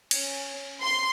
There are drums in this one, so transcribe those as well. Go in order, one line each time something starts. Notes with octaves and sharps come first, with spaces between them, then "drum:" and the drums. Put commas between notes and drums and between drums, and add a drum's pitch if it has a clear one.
C#4, drum: cymbal
C6